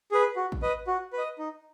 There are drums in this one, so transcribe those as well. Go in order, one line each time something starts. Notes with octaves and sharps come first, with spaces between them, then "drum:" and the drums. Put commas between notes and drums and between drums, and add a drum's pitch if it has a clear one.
G#4 B4
F#4
drum: kick A1
B4 D#5
F#4
B4
D#5
D#4